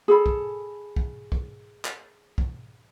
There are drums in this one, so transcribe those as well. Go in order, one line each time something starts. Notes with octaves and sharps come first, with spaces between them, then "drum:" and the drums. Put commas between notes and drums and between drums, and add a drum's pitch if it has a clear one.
G#4 A4 B5
drum: kick B1
drum: kick B1
drum: kick B1
drum: clap
drum: kick B1